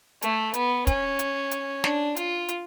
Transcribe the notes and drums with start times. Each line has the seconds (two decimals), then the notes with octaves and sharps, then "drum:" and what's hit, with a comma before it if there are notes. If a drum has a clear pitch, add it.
0.22 A3, drum: hi-hat
0.54 B3, drum: hi-hat
0.87 C#4, drum: kick, hi-hat
1.19 drum: hi-hat
1.51 drum: hi-hat
1.84 D4, drum: snare
2.16 F4, drum: hi-hat
2.48 drum: hi-hat